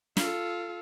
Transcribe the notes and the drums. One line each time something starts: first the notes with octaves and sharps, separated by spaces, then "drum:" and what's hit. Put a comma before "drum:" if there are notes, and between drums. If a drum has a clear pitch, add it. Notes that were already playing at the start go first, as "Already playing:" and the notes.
F4 A4, drum: snare